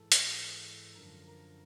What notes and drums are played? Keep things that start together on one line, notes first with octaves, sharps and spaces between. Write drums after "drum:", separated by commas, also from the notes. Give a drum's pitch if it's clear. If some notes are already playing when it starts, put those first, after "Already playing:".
Already playing: G#2 E3 A4
drum: hi-hat
F#2 D3 F3 A#4
A#4